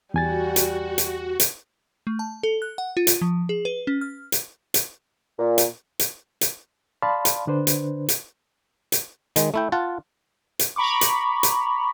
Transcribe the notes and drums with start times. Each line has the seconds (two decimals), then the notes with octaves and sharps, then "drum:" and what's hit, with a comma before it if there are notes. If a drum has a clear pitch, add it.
0.14 E2 G3 F#4 G#5 A6
0.56 drum: hi-hat
0.98 drum: hi-hat
1.40 drum: hi-hat
2.07 A3
2.19 A5
2.43 A4
2.62 F#6
2.78 F#5
2.97 F4
3.07 drum: hi-hat
3.21 F3
3.49 G#4
3.65 B4
3.87 C#4
4.01 F6
4.32 drum: hi-hat
4.74 drum: hi-hat
5.38 A#2
5.58 drum: hi-hat
5.99 drum: hi-hat
6.41 drum: hi-hat
7.03 D5 F5 A5 B5 C6
7.25 drum: hi-hat
7.47 D3 D4 B4 C5
7.67 drum: hi-hat
8.09 drum: hi-hat
8.92 drum: hi-hat
9.36 D#3 G#3, drum: hi-hat
9.54 A3 E4 G5
9.72 F4 F#5 A5
10.59 drum: hi-hat
10.76 A#5 B5 C#6 D6
11.01 drum: hi-hat
11.43 drum: hi-hat